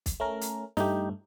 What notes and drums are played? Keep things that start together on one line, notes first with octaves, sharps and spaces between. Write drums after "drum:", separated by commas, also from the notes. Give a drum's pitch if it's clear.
drum: kick, hi-hat
A3 C#4 A#4
drum: hi-hat
G2 A3 D#4 G4, drum: snare